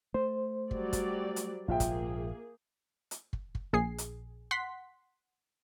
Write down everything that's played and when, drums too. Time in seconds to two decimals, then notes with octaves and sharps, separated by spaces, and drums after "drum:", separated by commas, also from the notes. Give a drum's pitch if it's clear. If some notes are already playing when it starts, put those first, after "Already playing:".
0.14 A3 C5
0.71 F#3 G3 D5, drum: kick
0.93 drum: kick, hi-hat
1.36 drum: hi-hat
1.68 A#1 G#2 A#3 F4 G#4 E5 G5
1.80 drum: kick, hi-hat
3.11 drum: hi-hat
3.33 drum: kick
3.55 drum: kick
3.73 A#1 G#4 C7
3.98 drum: hi-hat
4.51 F#5 C6 B6